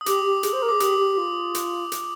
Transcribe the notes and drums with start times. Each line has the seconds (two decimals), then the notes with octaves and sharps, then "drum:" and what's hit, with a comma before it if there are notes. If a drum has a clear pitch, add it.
0.01 D#6
0.06 G4 D6, drum: hi-hat
0.24 G4
0.43 G#4, drum: hi-hat
0.52 C5
0.62 A#4
0.69 G#4 D6
0.80 G4 D#6, drum: hi-hat
0.98 G4
1.17 F4
1.55 drum: hi-hat
1.92 drum: hi-hat